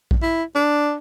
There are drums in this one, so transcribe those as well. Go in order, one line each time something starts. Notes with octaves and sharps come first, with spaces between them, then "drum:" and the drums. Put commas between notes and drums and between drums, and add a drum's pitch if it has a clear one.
drum: kick A#1
E4
D4